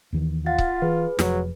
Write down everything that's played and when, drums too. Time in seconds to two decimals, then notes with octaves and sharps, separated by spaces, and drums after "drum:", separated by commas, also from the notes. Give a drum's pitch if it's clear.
0.13 D#2 D#3 E3
0.46 F4 F5 F#5 A6
0.58 drum: kick C#1
0.82 E3 G#4 B4
1.19 F1 F2 F#3, drum: snare